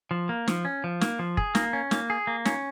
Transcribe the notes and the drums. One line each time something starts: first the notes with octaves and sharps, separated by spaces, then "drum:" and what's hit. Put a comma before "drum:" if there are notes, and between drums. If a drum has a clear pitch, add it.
F3
A#3
F3, drum: snare
C#4
F3
A#3, drum: snare
F3
G#4, drum: kick
A#3, drum: snare
C#4
A#3, drum: snare
G#4
A#3
C#4, drum: snare